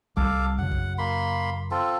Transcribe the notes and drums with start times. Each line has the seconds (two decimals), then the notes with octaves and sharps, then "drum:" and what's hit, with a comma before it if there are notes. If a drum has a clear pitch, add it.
0.17 C2 G3 A4 F5 D6, drum: kick
0.58 F#2 C#3 F#5
0.71 drum: kick
0.98 A#3 B5 C6
1.71 C4 F4 A4